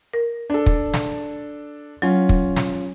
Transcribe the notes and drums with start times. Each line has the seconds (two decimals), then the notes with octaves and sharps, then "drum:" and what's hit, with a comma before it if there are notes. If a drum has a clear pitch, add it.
0.13 A#4
0.50 D4 A4
0.66 drum: kick
0.94 drum: snare
2.02 F#3 C#4 F4
2.29 drum: kick
2.56 drum: snare